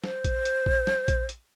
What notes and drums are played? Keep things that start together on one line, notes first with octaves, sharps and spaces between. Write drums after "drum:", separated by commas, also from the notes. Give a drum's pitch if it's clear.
C5, drum: snare
drum: kick A#1, hi-hat
drum: hi-hat
drum: kick A#1
drum: snare
drum: kick A#1, hi-hat
drum: hi-hat